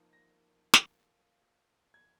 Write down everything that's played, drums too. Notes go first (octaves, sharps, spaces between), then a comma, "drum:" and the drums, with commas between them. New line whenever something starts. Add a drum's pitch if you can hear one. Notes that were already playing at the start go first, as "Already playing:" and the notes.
Already playing: F3 A#3 D#4
A#6
drum: snare
G#6